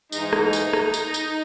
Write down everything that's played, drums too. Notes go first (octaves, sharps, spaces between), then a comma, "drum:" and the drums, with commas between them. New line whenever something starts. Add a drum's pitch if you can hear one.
G#2 E3 G#3 D#4, drum: tambourine
drum: rim click
drum: tambourine
drum: rim click
drum: tambourine
drum: tambourine